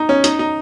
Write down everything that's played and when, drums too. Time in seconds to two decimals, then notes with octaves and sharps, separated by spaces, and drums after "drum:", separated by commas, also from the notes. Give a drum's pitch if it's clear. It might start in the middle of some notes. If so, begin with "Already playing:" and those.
Already playing: D#4
0.09 C#4
0.24 D#4, drum: hi-hat
0.39 D#4